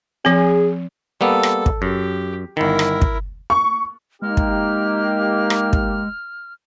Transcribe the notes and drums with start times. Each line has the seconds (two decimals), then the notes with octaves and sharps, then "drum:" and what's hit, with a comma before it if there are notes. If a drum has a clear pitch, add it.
0.25 F3 C4 G#4
1.21 G3 A#3 B3 A4
1.43 drum: rim click
1.66 drum: kick
1.82 F#2 G4
2.57 G1 D#3 E4 A#4
2.79 drum: rim click
3.02 drum: kick
3.50 C#6
4.22 G#3 A#3 D#4 G4 F6
4.37 drum: kick
5.50 drum: rim click
5.73 drum: kick